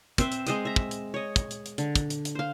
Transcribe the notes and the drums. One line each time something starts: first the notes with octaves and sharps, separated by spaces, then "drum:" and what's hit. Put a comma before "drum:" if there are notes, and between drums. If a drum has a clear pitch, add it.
C4 B4 C5 E5, drum: kick, hi-hat
drum: hi-hat
G#3 C5 D#5, drum: hi-hat
E5 A#5
drum: kick
drum: hi-hat
C#5 D#5
drum: kick, hi-hat
drum: hi-hat
drum: hi-hat
D3, drum: hi-hat
drum: kick, hi-hat
drum: hi-hat
drum: hi-hat
C5 F5